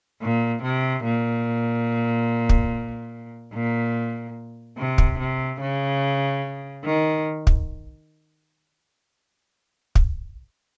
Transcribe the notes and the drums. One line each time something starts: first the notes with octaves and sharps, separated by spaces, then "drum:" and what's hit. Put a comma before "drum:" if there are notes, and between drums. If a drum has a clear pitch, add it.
A#2
C3
A#2
drum: kick
A#2
C3
drum: kick
C3
C#3
D#3
drum: kick
drum: kick